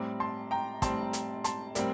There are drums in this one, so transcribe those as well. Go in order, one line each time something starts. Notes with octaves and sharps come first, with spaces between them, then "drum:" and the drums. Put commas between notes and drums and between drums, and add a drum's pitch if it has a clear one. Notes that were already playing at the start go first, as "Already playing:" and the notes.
Already playing: A2 G3 C4 A#5 D6
A5 C6
G5 A#5
A2 G3 C4 A5 C6, drum: kick, hi-hat
drum: hi-hat
A5 C6, drum: hi-hat
A2 G3 C4 A#4 D5, drum: hi-hat